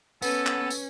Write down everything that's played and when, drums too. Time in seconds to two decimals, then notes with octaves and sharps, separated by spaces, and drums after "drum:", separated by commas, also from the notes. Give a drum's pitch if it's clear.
0.22 B3 C#4 A4 B4 F#5, drum: tambourine
0.46 drum: clap
0.70 drum: tambourine